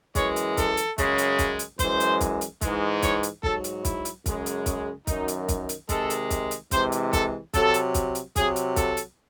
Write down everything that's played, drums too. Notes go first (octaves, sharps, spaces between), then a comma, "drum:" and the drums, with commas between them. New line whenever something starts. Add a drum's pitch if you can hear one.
F#2 E3 G#3 C#5, drum: kick, hi-hat
drum: hi-hat
A4, drum: kick, hi-hat
drum: hi-hat
F#2 C#3 G#3, drum: kick, hi-hat
drum: hi-hat
drum: kick, hi-hat
drum: hi-hat
F#2 E3 G#3 C5, drum: kick, hi-hat
drum: hi-hat
drum: kick, hi-hat
drum: hi-hat
G#2 E3 G#3, drum: kick, hi-hat
C#5, drum: kick, hi-hat
drum: hi-hat
G#2 F#3 A4, drum: kick
drum: hi-hat
E4, drum: kick, hi-hat
drum: hi-hat
F#2 C#3 G#3, drum: kick, hi-hat
drum: hi-hat
C#4, drum: kick, hi-hat
F#2 D#3 F#3 D#4, drum: kick, hi-hat
drum: hi-hat
drum: kick, hi-hat
drum: hi-hat
C3 D#3 G#3 A4, drum: kick, hi-hat
drum: hi-hat
drum: kick, hi-hat
drum: hi-hat
C3 E3 G#3 C5, drum: kick, hi-hat
drum: hi-hat
A4, drum: kick, hi-hat
C3 F#3 A4, drum: kick, hi-hat
drum: hi-hat
drum: kick, hi-hat
drum: hi-hat
C3 F#3 G#4, drum: kick, hi-hat
drum: hi-hat
A4, drum: kick, hi-hat
drum: hi-hat